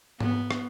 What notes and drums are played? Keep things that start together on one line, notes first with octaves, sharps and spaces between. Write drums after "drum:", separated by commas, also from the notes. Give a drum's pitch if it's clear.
B3, drum: tom G#2
drum: rim click